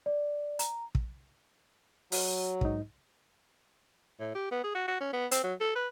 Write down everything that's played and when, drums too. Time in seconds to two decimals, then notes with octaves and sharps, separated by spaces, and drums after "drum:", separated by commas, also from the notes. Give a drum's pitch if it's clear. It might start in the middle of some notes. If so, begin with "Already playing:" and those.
0.06 D5
0.59 A#5, drum: hi-hat
0.95 drum: kick
2.12 F#3, drum: open hi-hat
2.61 G#2 D#4, drum: kick
4.20 A2
4.35 G4
4.51 B3
4.64 G#4
4.75 F#4
4.88 F#4
5.00 C#4
5.13 B3
5.31 C4, drum: hi-hat
5.43 F#3
5.60 A4
5.75 B4